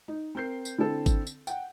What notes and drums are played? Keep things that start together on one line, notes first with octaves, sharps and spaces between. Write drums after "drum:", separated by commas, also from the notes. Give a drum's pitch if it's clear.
D#4
C4 A#4 G6 C7
drum: tambourine
D3 C4 E4 A4
drum: kick G#1, tambourine
drum: tambourine
F#5 G5, drum: tambourine